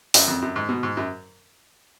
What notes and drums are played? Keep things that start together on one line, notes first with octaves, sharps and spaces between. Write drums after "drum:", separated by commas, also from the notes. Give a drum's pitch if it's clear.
F#2, drum: open hi-hat
F2
F#2
G#2
B2
G#2
F#2